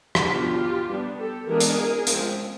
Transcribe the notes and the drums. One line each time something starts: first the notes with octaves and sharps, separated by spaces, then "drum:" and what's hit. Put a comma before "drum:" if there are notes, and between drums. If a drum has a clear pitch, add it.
drum: rim click
F#3 B3 D4 F4 G4
G3 B3 D4
G4 A4
E3 G#3 B3 D4 G#4 A#4
drum: hi-hat
F3 G#3 C4, drum: hi-hat